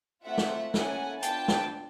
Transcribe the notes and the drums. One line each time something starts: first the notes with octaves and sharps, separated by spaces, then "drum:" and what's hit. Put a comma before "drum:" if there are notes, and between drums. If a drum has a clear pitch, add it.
A3 C4 F4 E5 F#5
drum: snare
A#3 C#4 E4 A4 F#5 G#5, drum: snare
B3 D4 F4 G5 A5, drum: hi-hat
drum: snare